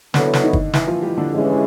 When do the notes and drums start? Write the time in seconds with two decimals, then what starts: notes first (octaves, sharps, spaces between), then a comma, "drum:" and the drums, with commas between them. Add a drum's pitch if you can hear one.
0.14 D3 F#3 B3 D4 E4 A4 C#5, drum: snare
0.33 drum: snare
0.43 D#3 D#4
0.53 drum: kick
0.74 E3 E4, drum: snare
0.87 F3 F4
1.02 G3 G4
1.18 D3 D4
1.32 E3 G#3 C#4